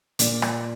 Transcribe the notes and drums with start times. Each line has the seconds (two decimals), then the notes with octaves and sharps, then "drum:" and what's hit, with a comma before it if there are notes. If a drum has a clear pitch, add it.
0.19 A#2 D5, drum: hi-hat
0.42 drum: rim click